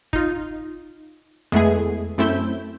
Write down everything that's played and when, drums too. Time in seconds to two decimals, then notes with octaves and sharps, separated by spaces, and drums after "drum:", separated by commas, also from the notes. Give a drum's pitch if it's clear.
0.13 D#4 F4, drum: kick
1.52 G#3 A3 B3 E4 G#4, drum: tom F2
2.18 F#2 A3 C4 E4 E6 G6